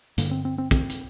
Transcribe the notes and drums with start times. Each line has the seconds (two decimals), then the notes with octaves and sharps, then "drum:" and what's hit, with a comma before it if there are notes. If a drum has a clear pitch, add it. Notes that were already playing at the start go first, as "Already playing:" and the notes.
0.18 G2 D3 A#3, drum: hi-hat
0.31 C4
0.45 C4
0.58 C4
0.71 C4, drum: kick, hi-hat
0.90 drum: hi-hat